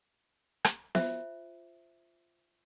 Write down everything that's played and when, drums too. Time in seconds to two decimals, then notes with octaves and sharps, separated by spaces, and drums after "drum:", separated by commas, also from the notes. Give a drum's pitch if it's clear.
0.64 drum: rim click
0.95 F4 C5 E5, drum: snare B3